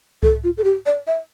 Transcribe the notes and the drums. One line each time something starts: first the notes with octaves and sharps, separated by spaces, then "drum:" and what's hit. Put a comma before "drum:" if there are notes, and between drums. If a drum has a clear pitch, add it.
A4, drum: kick C2
F4
A4
G4
D5
E5